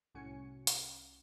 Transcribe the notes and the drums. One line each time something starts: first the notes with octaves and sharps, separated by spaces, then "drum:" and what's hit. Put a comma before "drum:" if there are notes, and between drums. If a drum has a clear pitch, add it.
C2 A2 C#4 F#4 G#5 C#7
drum: hi-hat